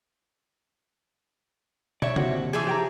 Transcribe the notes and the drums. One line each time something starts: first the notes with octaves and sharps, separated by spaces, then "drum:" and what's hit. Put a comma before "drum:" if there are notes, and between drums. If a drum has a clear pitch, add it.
C#5 D5 E5, drum: tom
D#2 C3 F#4, drum: tom C3
E3 F3 G#4
G4 G5 A#5